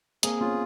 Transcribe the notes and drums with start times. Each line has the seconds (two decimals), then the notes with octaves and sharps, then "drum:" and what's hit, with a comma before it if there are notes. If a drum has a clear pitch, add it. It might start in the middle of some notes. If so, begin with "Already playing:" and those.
0.23 A#3 C4 G#4, drum: hi-hat
0.40 B3 C#4 F4